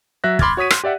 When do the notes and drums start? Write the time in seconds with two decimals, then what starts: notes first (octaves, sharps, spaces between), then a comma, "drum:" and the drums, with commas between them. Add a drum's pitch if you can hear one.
0.24 F#3 E5 F#6 A#6
0.39 B5 C6 D6 F6 G#6 A6, drum: kick
0.57 F#4 C#5 D#6 B6 D#7
0.70 C6, drum: rim click
0.84 G4 D5 E5 F#5